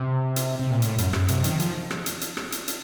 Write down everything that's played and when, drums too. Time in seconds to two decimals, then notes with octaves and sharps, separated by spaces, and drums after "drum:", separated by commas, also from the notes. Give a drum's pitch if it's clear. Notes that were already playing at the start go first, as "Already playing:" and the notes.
Already playing: C3
0.36 drum: hi-hat
0.59 C3
0.71 A#2
0.82 A2, drum: hi-hat
0.98 F#2, drum: hi-hat
1.13 F#2, drum: rim click
1.28 C3, drum: hi-hat
1.44 D#3, drum: hi-hat
1.60 F3, drum: hi-hat
1.91 drum: rim click
2.06 drum: hi-hat
2.21 drum: hi-hat
2.37 drum: rim click
2.52 drum: hi-hat
2.68 drum: hi-hat